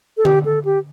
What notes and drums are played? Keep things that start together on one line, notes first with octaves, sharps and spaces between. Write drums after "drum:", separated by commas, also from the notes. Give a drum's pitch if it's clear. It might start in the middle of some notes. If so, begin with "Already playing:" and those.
A4
G4, drum: tom D3
A4
G4